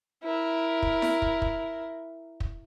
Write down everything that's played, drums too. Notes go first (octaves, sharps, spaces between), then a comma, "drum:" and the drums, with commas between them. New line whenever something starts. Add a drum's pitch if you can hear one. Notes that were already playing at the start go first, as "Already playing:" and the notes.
E4 A#4
drum: kick
drum: snare E4
drum: kick
drum: kick
drum: kick